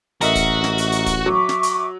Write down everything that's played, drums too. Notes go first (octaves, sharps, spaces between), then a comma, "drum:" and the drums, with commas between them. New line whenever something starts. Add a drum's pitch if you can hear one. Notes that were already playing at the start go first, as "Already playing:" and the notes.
A1 F#4 A#4 D#5 E5, drum: hi-hat
drum: kick, hi-hat
drum: snare
drum: hi-hat
drum: hi-hat
drum: kick, hi-hat
F#3 E5 C#6 D6
drum: snare
drum: hi-hat